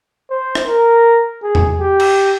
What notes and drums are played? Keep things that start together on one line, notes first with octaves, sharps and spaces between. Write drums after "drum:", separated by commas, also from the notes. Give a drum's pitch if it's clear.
C5
drum: rim click
A#4
G#4
drum: tom E2
G4
drum: cymbal